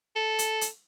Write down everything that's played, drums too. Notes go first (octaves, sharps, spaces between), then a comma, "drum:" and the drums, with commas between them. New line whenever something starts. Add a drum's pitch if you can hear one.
A4
drum: hi-hat
drum: hi-hat